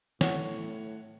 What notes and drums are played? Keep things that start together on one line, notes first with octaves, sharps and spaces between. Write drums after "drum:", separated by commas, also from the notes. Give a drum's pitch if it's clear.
A2 C#5 F#5, drum: snare